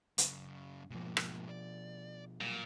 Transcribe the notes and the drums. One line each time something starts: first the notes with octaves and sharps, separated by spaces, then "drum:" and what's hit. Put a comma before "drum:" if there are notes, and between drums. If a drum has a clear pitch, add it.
F#2 C#3, drum: hi-hat
G#2 B2 F3 A#3
drum: rim click
D5
A#2 F#3 G3